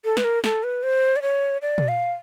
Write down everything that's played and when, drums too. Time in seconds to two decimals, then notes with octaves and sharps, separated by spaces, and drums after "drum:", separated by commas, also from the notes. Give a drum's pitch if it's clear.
0.05 A4
0.17 B4, drum: snare
0.24 A#4
0.44 A4, drum: snare
0.64 B4
0.83 C5
1.16 D5
1.22 C#5
1.62 D5
1.78 drum: tom
1.88 F5